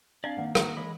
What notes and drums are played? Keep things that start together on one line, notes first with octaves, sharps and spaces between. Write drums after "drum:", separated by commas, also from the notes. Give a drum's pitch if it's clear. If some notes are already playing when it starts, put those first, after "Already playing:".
C4 D4 D5 F5
D#3 A#3 F#5
F#4 A#4 D#6, drum: rim click
E3 G#3 D#5 B5